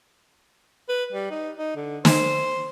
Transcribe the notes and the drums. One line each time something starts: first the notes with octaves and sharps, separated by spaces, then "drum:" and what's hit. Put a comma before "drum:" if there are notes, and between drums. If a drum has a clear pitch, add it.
B4
G3
D#4
D#4
D3
C5, drum: snare